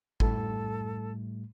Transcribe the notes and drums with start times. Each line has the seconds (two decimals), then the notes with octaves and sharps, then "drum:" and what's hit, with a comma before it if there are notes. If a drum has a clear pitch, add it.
0.20 A2 G3 A3 A4, drum: kick G#1